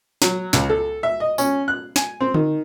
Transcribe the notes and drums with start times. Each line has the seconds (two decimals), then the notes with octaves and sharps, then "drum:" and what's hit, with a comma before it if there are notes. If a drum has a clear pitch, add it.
0.22 F#3, drum: snare
0.53 C#2, drum: snare
0.70 A4
1.03 E5
1.20 D#5
1.38 C#4, drum: tambourine
1.68 F#6
1.96 G#5, drum: snare
2.21 C4
2.34 D#3, drum: tom D3